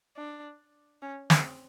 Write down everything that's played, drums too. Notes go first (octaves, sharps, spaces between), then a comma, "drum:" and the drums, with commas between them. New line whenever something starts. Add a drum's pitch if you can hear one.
D4
C#4
C4, drum: snare